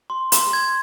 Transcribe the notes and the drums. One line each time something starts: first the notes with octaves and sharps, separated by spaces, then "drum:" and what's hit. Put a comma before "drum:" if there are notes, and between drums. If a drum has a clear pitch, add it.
C6
C6, drum: hi-hat
G#6